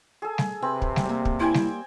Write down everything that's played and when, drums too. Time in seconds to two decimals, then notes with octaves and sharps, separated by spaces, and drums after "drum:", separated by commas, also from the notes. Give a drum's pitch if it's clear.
0.22 G#4 A4
0.38 drum: snare
0.62 C3 C4 B4
0.82 drum: kick
0.96 drum: snare
1.05 G3 A#3
1.25 drum: kick
1.40 E4 C5 G5 G#5
1.54 drum: snare